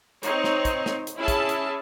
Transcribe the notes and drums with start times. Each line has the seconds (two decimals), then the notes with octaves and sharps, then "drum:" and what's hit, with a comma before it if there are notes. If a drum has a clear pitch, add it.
0.23 C4 D#4 C#5, drum: hi-hat
0.44 drum: snare
0.65 drum: kick, hi-hat
0.86 drum: snare
1.07 drum: hi-hat
1.17 C#4 E4 G#4 E5 A5
1.28 drum: kick, hi-hat
1.49 drum: hi-hat